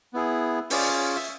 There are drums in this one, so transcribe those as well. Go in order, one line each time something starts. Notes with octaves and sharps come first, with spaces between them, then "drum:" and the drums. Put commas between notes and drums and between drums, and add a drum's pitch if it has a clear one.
B3 E4 G#4
C#4 F4 G#4 D5, drum: open hi-hat
E5